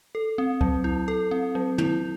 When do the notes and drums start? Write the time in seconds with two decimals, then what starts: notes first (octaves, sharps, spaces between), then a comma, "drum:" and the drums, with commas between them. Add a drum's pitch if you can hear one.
0.15 A4
0.38 C4
0.61 F#3, drum: kick C#2
0.84 E4
1.08 A4
1.31 C4
1.55 F#3
1.78 E4, drum: tom